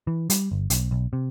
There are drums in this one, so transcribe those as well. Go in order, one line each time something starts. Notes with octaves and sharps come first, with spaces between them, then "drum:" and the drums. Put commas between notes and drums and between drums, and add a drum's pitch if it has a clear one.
E3
G3, drum: hi-hat
G1
B1, drum: hi-hat
B1
C3